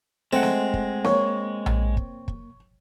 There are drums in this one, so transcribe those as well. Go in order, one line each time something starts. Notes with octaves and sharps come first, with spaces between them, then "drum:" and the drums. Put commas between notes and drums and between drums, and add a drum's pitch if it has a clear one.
G#3 A3 C4 F#5
drum: snare
drum: kick
A#3 C#5, drum: snare
drum: tom A#1
drum: kick
drum: kick